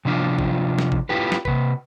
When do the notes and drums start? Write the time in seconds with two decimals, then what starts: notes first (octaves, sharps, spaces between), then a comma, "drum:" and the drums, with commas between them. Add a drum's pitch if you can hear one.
0.05 C3 F3 D4 F4
0.39 drum: kick G#1
0.79 drum: snare
0.92 drum: kick G#1
1.09 E4 F4 G4 B4
1.32 drum: snare
1.45 C3 B4, drum: kick G#1